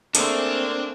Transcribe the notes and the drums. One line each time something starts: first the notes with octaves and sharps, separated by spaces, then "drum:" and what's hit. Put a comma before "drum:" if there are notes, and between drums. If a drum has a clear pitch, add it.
A3 A#3 C4 D4 G#4, drum: hi-hat